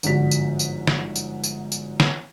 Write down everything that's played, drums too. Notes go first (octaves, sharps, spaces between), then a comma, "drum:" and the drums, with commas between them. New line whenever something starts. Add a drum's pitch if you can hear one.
G1 G#2 D3 F3 F#4 B6, drum: tambourine
drum: tambourine
drum: tambourine
drum: snare
drum: tambourine
drum: tambourine
drum: tambourine
drum: snare